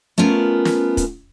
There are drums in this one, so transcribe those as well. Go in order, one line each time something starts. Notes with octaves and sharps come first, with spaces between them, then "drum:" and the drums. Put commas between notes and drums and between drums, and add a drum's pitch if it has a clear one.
A3 B3 C#4 F4 A#4
drum: snare
drum: kick, hi-hat